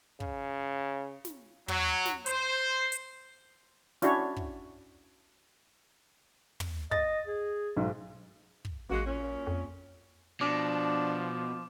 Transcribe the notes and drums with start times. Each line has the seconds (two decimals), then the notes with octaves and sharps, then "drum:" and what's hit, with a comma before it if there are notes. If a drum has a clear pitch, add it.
0.20 C#3, drum: kick
1.25 drum: snare
1.68 F#3, drum: tom
2.06 drum: snare
2.26 C5, drum: hi-hat
2.92 drum: hi-hat
4.02 C#4 D4 E4 F#4 C#5, drum: snare
4.36 drum: kick
6.60 drum: tom
6.91 D#5 A6, drum: kick
7.27 G#4
7.76 B1 G#2
8.65 drum: kick
8.90 A1 G#3 A#3 F#4
9.06 A#2 C#4
9.47 F2
10.41 B2 F3 D4 D6